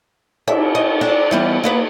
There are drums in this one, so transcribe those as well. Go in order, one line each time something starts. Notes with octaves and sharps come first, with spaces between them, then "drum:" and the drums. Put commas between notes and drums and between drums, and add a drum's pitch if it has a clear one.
E5, drum: cymbal
D#5
D4
E3 G3 B3
A#3 B3 B4